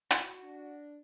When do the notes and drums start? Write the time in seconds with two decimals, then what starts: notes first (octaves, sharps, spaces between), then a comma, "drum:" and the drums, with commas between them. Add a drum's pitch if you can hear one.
0.11 F#4, drum: hi-hat
0.43 D4